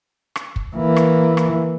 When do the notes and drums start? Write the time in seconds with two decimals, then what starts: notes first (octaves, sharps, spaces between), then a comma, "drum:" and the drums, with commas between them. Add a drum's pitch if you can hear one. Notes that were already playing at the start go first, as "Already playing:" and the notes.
0.36 drum: rim click
0.56 drum: kick
0.76 E3 A#3
0.96 drum: rim click
1.37 drum: rim click